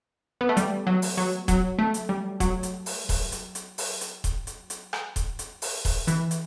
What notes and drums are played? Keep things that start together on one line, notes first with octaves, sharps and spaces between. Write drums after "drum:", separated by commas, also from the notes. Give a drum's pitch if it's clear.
B3
A3
G3, drum: hi-hat
F#3
drum: open hi-hat
F#3
F#3, drum: kick D#1, hi-hat
A3
drum: hi-hat
G3
F#3, drum: kick D#1, hi-hat
drum: hi-hat
drum: open hi-hat
drum: kick D#1, open hi-hat
drum: hi-hat
drum: hi-hat
drum: open hi-hat
drum: hi-hat
drum: kick D#1, hi-hat
drum: hi-hat
drum: hi-hat
drum: rim click
drum: kick D#1, hi-hat
drum: hi-hat
drum: open hi-hat
drum: kick D#1, open hi-hat
E3, drum: hi-hat
drum: hi-hat